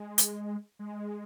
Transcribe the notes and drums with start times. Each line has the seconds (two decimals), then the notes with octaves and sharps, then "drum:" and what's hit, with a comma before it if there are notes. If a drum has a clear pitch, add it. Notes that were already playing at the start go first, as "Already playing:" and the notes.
Already playing: G#3
0.18 drum: hi-hat
0.79 G#3